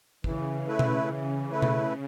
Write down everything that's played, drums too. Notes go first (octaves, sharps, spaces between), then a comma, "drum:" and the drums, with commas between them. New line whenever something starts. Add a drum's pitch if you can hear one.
C#3 E3, drum: kick
A3 E4 B4
drum: tom B2
E3
A3 E4 B4
drum: tom B2